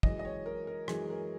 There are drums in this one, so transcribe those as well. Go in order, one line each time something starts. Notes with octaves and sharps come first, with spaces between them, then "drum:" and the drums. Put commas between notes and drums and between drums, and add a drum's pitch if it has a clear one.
F#2 E3 G#3 D#5, drum: kick
D#5
C#5
A#4
A#4
F#2 E3 G#3 G#4, drum: rim click
A#4